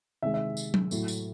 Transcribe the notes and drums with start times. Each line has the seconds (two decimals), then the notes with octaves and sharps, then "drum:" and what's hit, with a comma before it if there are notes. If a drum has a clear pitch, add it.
0.23 C3 D#3 G#3 E5
0.34 E5
0.57 drum: tambourine
0.74 drum: tom F#3
0.91 A2 F#3 A3, drum: tambourine
1.08 drum: tambourine